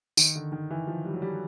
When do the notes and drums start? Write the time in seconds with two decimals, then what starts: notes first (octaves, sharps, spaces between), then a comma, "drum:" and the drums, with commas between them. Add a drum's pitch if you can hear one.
0.17 D#3, drum: tambourine
0.35 D3
0.52 D#3
0.70 E3
0.87 F3
1.05 G3
1.14 F#3
1.22 G3